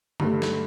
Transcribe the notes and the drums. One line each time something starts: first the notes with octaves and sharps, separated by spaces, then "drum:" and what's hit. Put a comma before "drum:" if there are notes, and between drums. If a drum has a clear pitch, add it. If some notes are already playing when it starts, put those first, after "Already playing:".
G2 D3 A3, drum: tom C#3
drum: snare